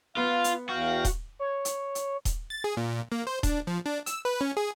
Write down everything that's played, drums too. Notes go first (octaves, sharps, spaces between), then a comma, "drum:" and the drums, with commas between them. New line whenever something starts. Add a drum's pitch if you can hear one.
B3 F4 F5
drum: hi-hat
E2 F#4 F5 G5
drum: kick D#1, hi-hat
C#5
drum: hi-hat
drum: hi-hat
drum: kick D#1, hi-hat
A6
G#4
A#2
A#3
C5
D4, drum: kick D#1, hi-hat
F3
D4
E6, drum: hi-hat
B4
C#4
G#4